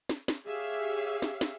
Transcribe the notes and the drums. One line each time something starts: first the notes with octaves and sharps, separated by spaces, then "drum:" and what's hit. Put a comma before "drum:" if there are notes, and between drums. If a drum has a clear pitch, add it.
drum: snare
drum: snare
G4 G#4 C#5 E5 F5
drum: snare
drum: snare